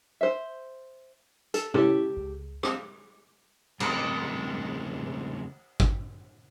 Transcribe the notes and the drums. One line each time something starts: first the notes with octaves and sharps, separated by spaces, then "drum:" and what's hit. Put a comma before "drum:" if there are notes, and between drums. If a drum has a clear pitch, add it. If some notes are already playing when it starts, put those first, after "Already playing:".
C5 E5
A4, drum: hi-hat
C#4 E4 G4 A4 C#5, drum: tom C3
C#2
C4 F5 A5 D#6, drum: rim click
E2 C#3 F3 A3 C4 A#4, drum: cymbal
drum: kick